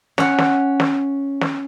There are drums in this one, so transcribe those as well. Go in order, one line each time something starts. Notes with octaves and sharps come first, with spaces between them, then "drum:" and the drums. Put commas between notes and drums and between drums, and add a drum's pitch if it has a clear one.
C#4 F#5, drum: snare
drum: snare
drum: snare
drum: snare